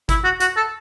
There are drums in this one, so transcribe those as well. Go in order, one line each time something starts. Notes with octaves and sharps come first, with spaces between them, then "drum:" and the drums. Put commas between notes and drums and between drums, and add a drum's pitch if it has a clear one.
E4, drum: kick G1, hi-hat
F#4
F#4, drum: hi-hat
A4